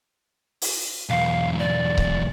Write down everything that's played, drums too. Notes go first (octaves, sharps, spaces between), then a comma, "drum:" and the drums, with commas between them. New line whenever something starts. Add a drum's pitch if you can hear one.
drum: open hi-hat
B1 E2 F5
D5
drum: kick C#1